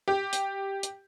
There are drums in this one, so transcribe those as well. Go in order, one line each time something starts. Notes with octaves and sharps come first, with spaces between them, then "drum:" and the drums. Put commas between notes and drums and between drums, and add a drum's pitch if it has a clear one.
G4
drum: hi-hat
drum: hi-hat